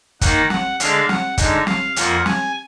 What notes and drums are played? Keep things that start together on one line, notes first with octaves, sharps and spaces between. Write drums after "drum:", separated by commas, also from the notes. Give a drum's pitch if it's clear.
D#3 A#3 D#4 F#5, drum: kick, hi-hat
F#5, drum: snare
D3 G#3 D4 F5, drum: hi-hat
F#5, drum: snare
D3 G#3 D#4, drum: kick, hi-hat
F5, drum: snare
F2 F3 A#3 F#5, drum: hi-hat
G#5, drum: snare